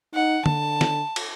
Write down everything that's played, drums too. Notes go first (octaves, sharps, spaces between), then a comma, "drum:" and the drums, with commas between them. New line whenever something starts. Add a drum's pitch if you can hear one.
D#4 F#5
D3 A5, drum: tom
drum: snare
drum: cymbal